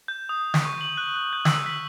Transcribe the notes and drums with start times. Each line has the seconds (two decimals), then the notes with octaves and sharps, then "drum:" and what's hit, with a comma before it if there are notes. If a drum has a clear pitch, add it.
0.08 G6
0.29 D#6
0.54 drum: snare
0.65 C#6
0.81 F#7
0.97 F#6
1.16 F#6
1.33 G6
1.45 E6, drum: snare
1.66 B6